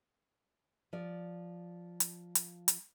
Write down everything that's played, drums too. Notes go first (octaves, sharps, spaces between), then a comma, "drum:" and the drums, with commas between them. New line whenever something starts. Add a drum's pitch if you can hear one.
F3 D5
drum: hi-hat
drum: hi-hat
drum: hi-hat